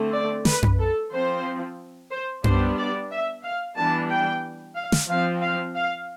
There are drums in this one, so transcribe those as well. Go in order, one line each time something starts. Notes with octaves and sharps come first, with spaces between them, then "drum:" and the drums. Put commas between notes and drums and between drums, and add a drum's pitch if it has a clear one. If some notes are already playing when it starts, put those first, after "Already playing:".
Already playing: D3 A3 C4
D5
B4, drum: snare
drum: tom F#2
A4
F3 C4 C5
C5
G3 B3 D4 C5, drum: tom F#2
D5
E5
F5
E3 G3 B3 D4 A5
G5
F5
drum: snare
F3 C4 F5
F5
F5